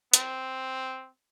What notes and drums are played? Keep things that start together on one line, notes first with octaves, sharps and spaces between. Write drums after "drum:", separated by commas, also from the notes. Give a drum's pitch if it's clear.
C4, drum: hi-hat